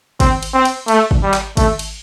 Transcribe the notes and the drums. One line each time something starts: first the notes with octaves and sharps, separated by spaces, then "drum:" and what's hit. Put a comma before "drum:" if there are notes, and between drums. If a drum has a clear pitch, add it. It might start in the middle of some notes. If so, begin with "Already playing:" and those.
C4, drum: kick G#1, cymbal
drum: cymbal
C4
drum: cymbal
A3, drum: cymbal
drum: kick G#1
G3
drum: clap
A3, drum: kick G#1, cymbal
drum: cymbal